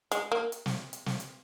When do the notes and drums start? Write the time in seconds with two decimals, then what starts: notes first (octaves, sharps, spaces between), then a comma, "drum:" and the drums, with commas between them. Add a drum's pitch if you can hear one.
0.11 G#3, drum: hi-hat
0.32 A#3
0.52 drum: hi-hat
0.66 drum: snare
0.93 drum: hi-hat
1.06 drum: snare
1.20 drum: hi-hat